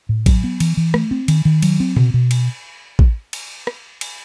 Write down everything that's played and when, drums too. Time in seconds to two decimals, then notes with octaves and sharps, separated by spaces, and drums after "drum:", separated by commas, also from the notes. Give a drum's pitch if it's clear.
0.09 A2
0.26 F#3, drum: kick A1, cymbal
0.44 B3
0.60 E3, drum: cymbal
0.77 E3
0.94 A3, drum: rim click
1.11 C4
1.28 D#3, drum: cymbal
1.45 D#3
1.62 F#3, drum: cymbal
1.80 C4
1.96 B2, drum: tom C3
2.14 B2
2.31 drum: cymbal
2.99 drum: kick A1
3.33 drum: cymbal
3.67 drum: rim click
4.01 drum: cymbal